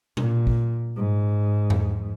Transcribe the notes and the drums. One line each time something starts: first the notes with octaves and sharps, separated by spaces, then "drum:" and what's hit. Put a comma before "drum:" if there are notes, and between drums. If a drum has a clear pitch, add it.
A#2, drum: tom B2
drum: kick
G#2
drum: tom E2